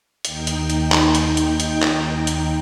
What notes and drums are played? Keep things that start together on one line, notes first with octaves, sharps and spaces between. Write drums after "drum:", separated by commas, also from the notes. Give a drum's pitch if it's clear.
D#2 D#4 G5, drum: hi-hat
drum: hi-hat
drum: hi-hat
drum: clap
drum: hi-hat
drum: hi-hat
drum: hi-hat
drum: clap
drum: hi-hat